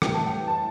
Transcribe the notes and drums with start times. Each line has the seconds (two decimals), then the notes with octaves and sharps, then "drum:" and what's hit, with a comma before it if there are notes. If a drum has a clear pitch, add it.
0.02 A2 E3 G3 G5, drum: rim click
0.14 A5
0.26 G5
0.47 A5